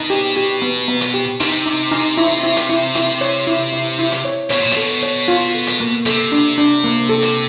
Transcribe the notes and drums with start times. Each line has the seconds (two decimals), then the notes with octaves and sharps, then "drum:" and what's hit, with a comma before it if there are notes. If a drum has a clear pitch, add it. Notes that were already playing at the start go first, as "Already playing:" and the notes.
Already playing: B2 D#4
0.10 G4
0.36 G4
0.62 B3
0.88 B3
1.01 drum: hi-hat
1.14 G4
1.40 C3 D#4, drum: hi-hat
1.66 D#4
1.92 D#4
2.17 E4
2.44 E4
2.56 drum: hi-hat
2.70 E4
2.95 E4, drum: hi-hat
3.21 C#5
3.47 E4
3.73 E4
3.99 E4
4.12 drum: hi-hat
4.25 C#5
4.50 B2 C#5, drum: hi-hat
4.61 A#2
4.72 B2, drum: hi-hat
4.77 A4
5.03 C#5
5.28 F4
5.54 A4
5.67 drum: hi-hat
5.80 A#3
6.06 C3 A4, drum: hi-hat
6.32 D4
6.58 D4
6.84 A#3
7.09 A4
7.23 drum: hi-hat